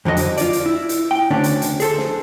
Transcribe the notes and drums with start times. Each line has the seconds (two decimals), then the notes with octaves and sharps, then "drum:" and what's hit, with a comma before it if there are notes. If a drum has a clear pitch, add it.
0.05 F2 D3 F#3 A#4 D#5
0.17 drum: hi-hat
0.37 F4 D5, drum: hi-hat
0.53 drum: hi-hat
0.66 E4
0.89 drum: hi-hat
1.11 G5
1.31 D2 D3 C#4 D4
1.44 drum: hi-hat
1.62 drum: hi-hat
1.80 G#4 A4 C5, drum: hi-hat
1.98 drum: snare